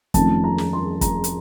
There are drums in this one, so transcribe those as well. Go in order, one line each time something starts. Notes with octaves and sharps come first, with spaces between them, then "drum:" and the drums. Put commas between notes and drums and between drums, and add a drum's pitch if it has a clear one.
F2 D#3 A3 C#4 A5, drum: kick, hi-hat
A#5
drum: snare
C6
A#5, drum: kick, hi-hat
drum: hi-hat